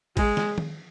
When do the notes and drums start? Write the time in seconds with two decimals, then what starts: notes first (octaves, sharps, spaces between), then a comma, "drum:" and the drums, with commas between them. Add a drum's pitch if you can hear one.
0.17 G#3, drum: kick, cymbal
0.37 drum: snare
0.58 drum: tom D#3